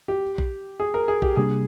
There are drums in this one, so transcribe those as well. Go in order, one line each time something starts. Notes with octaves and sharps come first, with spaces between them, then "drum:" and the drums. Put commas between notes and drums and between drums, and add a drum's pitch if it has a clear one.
G4
drum: kick A#1
G#4
A#4
G#4
G4, drum: kick A#1
C3 G3 A#3 D4 G#4